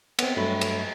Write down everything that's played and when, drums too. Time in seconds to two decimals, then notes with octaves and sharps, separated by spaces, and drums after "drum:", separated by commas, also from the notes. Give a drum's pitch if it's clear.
0.19 B3 C4, drum: cymbal
0.37 G2 F#3 A3 B5
0.61 drum: cymbal